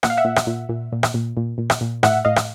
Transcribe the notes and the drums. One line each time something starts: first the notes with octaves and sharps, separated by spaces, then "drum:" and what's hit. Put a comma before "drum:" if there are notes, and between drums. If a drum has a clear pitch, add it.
A#2 F#5, drum: rim click
F5
E5 F#5
A#2
drum: rim click
A#2
A#2
A#2
drum: rim click
A#2
A#2
A#2
drum: rim click
A#2
A2 E5 F#5, drum: rim click
A2 D#5 F5
drum: rim click